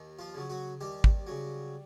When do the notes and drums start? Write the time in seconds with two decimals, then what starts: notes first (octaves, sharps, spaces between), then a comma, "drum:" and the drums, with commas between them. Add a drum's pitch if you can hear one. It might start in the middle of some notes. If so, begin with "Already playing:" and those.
Already playing: D#2
0.19 F3 F4
0.34 C#3 F#3
0.50 F#3 F#4
0.81 D#2 G3 G4
1.04 drum: kick
1.27 C#3 F#3